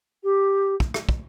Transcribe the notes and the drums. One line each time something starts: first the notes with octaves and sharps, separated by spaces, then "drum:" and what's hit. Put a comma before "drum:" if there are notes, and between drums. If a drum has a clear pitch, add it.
G4
drum: kick
drum: rim click
drum: kick